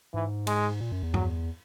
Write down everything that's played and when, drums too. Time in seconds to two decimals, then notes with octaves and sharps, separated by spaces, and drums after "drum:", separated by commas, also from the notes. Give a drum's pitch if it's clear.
0.13 G#2 E3
0.47 G#3, drum: cymbal
0.80 A#2
0.92 F#2
1.03 E2
1.14 F#3, drum: tom G2